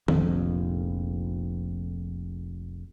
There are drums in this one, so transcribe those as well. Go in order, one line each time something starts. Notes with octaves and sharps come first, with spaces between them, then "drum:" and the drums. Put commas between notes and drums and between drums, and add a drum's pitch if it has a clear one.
F1 A#1 F2, drum: tom D#3